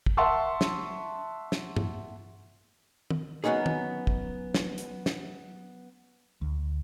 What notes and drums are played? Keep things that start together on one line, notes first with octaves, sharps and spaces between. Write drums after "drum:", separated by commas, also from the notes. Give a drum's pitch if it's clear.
drum: kick
E5 F#5 A5 C6 C#6 E6
drum: snare
drum: snare
drum: tom G2
drum: tom
F#3 B3 C#4 D#4 G#4
drum: tom D#3
drum: kick
drum: snare
drum: hi-hat
drum: snare
D2